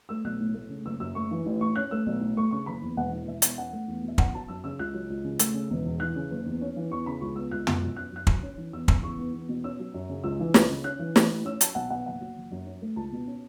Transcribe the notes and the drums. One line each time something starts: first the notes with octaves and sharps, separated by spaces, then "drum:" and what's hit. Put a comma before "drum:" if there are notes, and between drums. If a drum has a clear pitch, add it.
A3 E6
B1 F#6
A2
A3
C#3
F#1 E6
F#2 E6
A3 C#6
E3
A1
A2 C#6
C#4 F#6
A3 E6
B1
A2
A3 C#6
C#3 C#6
F#1 B5
E2
E1 F#5
E3
E1 E5
E2 E5, drum: hi-hat
C#4 F#5
A3
E2
B2 E5
C#4 F#5, drum: kick
F#3 A5
F#2 E6
C#3 E6
C#2 F#6
F#3
C#2
C#3
A3 E6, drum: hi-hat
C#3
E1
E2
E3 F#6
C#3
F#1
E2
C#4
E3
E2 C#6
C#3 B5
C#2 C#6
B3 E6
C#2 F#6
B2 E6, drum: tom
F#2
C#4 F#6
F#2 F#6
F#3, drum: kick
C#4
E3
E2 E6
C#3 E6, drum: kick
E2 C#6
B3
E2
B2
C#4 E6
F#3
F#2
C#3
C#2 E6
E3
C#2, drum: snare
C#3
C#4 F#6
E3
A1, drum: snare
A2
C#4 E6
F#3 A5, drum: hi-hat
B1 F#5
B2 F#5
F#1 F#5
F#3
F#1
F#2
C#4
A3
C#2 A5
B2
C#4